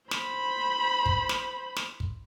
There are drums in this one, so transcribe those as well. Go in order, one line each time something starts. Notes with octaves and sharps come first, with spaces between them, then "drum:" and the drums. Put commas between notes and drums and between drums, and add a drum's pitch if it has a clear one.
C5 B5, drum: snare
drum: kick
drum: snare
drum: snare
drum: kick